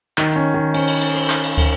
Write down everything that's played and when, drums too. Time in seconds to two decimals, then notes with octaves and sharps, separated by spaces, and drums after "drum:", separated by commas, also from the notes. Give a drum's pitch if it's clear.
0.18 D#3, drum: clap
0.36 C#4
0.54 D#3
0.74 C#4, drum: cymbal
0.87 drum: cymbal
1.01 drum: cymbal
1.15 drum: cymbal
1.29 drum: clap
1.44 drum: cymbal
1.58 drum: kick, cymbal